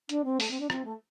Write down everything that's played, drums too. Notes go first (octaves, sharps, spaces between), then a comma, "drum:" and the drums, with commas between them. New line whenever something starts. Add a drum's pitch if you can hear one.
D4, drum: hi-hat
C4
A3, drum: open hi-hat
C4
D4
C4, drum: rim click
A3